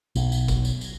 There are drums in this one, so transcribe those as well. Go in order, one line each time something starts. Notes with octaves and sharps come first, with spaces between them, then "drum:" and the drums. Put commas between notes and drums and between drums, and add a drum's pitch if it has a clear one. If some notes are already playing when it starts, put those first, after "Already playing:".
B1, drum: tambourine
drum: tambourine
drum: kick F#1, tambourine
drum: tambourine
drum: tambourine